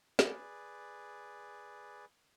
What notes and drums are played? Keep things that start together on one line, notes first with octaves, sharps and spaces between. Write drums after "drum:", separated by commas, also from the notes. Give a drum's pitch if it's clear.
G#4 B4 D5, drum: snare